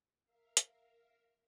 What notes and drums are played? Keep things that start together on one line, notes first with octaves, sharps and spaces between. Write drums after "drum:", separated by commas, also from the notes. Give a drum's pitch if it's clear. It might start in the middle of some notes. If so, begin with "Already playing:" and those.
A#4 E5 F5
drum: hi-hat